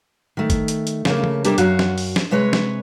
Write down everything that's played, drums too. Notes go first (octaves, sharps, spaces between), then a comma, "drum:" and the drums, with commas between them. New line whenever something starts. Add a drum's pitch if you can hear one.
D#3 A3
drum: kick G#1, hi-hat
drum: hi-hat
drum: hi-hat
C#3 A3 A#3, drum: snare
drum: tom
C3 G3 A#3 D4 G4 A4, drum: hi-hat
F#2 F#4 F5, drum: hi-hat
drum: snare
drum: open hi-hat
drum: snare
C3 G#3 B4 C#5
drum: snare